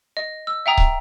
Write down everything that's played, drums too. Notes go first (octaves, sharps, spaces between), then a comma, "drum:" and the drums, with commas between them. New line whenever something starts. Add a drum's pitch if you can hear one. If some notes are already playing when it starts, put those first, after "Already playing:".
D#5
E6
E5 F#5 G5 A#5 D#6
drum: kick